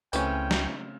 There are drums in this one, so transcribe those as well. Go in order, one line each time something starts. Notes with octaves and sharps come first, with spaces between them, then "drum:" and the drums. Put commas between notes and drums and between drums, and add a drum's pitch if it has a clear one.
C#2 C#3 E3 A3 C4 C#4 G5, drum: tambourine
drum: snare